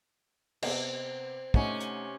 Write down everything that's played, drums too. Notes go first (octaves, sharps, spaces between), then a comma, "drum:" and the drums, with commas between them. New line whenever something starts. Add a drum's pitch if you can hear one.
C3 B3 C4, drum: cymbal
C3 A3 C#4 D#4 F#5, drum: kick
drum: hi-hat